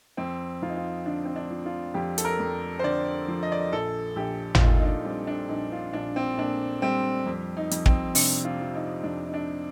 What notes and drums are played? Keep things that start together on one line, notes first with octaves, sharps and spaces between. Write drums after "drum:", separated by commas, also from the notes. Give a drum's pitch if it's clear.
F2 C4
F2 F4
D#4
F4
D3 D4
C4
D4
F3
F4
F2 G4
A4, drum: hi-hat
A#4
F2
C5
D3 D5
F3
D#5
D5
D#5
A#1 A4
A#1 G4
F4, drum: tom
A#2 D#4
D#4
D4
G3 C4
D4
A#1 D#4
F4
A#1 D4
C4
A#2 D4
G3 C4
F2
D#4
F2, drum: hi-hat
C4, drum: kick
C3 D4, drum: open hi-hat
F4
F3
D#4
F2 D4
D#4
D4